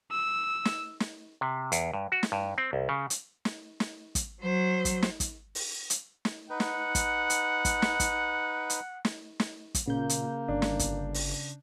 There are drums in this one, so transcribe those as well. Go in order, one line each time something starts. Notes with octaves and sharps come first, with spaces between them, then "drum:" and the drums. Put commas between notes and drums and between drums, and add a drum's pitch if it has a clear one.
E6
drum: snare
drum: snare
C3
E2, drum: hi-hat
G2
F#4
drum: snare
G2
C4
C2
C#3
drum: hi-hat
drum: snare
drum: snare
drum: kick, hi-hat
F#3 C5
drum: kick, hi-hat
drum: snare
drum: kick, hi-hat
drum: open hi-hat
drum: hi-hat
drum: snare
D#4 B4 F#5
drum: snare
drum: kick, hi-hat
drum: hi-hat
drum: kick, hi-hat
drum: snare
drum: kick, hi-hat
drum: hi-hat
drum: snare
drum: snare
drum: kick, hi-hat
A#2 C#3 A#3 G6
drum: hi-hat
G1 D4
drum: snare
drum: kick, hi-hat
drum: open hi-hat